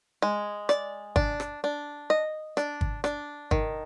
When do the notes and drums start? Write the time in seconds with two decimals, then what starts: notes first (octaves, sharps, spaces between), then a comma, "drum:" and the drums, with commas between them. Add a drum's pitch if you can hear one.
0.22 G#3
0.69 D5, drum: rim click
1.16 D4, drum: kick G1
1.40 drum: rim click
1.64 D4
2.10 D#5
2.57 D4, drum: rim click
2.81 drum: kick G1
3.04 D4, drum: rim click
3.51 D#3, drum: kick G1